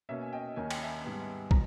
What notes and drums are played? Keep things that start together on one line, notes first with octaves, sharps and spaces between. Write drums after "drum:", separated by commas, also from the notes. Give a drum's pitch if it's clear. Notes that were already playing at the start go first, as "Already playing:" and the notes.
B2 A#3 C#4 E5
G#5
D#5 G5
D#2 D#3 A#3 C#4 G#5
G5, drum: cymbal
E5 G#5
G#2 G3 B3
B2 A#5, drum: kick